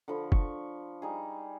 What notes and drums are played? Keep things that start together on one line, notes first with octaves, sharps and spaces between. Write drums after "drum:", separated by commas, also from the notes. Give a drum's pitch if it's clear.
D3 F3 B5
C#6, drum: kick
G3 D#4 G#4